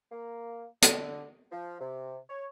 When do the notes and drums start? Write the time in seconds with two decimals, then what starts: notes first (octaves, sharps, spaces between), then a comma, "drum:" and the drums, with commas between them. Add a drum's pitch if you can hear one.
0.12 A#3
0.82 D3, drum: hi-hat
1.52 F3
1.81 C3
2.29 C#5